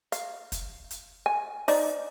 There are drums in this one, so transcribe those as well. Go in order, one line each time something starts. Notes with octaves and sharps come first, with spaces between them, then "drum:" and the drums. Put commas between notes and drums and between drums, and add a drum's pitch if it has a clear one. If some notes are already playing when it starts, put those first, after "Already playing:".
F5, drum: hi-hat
drum: kick, hi-hat
drum: hi-hat
G#5
D#4 C5 D5, drum: open hi-hat